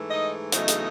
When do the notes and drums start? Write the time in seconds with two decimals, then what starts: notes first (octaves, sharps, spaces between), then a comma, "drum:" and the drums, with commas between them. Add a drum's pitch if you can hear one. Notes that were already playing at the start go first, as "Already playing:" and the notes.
Already playing: G#2 E3 A3
0.10 D#4 D#5
0.52 E2 C#3 F#3 A3 D#4 D#5, drum: hi-hat
0.68 drum: hi-hat